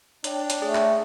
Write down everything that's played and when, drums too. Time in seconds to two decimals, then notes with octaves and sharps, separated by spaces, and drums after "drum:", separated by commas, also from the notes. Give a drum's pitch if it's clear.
0.24 D4 C#5 G5, drum: hi-hat
0.50 drum: hi-hat
0.62 A3 G#4
0.75 drum: clap